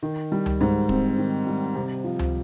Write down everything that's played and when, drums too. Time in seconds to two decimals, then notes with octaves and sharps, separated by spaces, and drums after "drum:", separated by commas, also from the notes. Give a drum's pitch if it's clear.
0.03 D#3
0.32 G3
0.46 drum: tom C#2
0.61 G#2
0.89 C4, drum: kick
1.18 D#3
1.47 G3
1.76 C3
2.04 F3
2.19 drum: tom C#2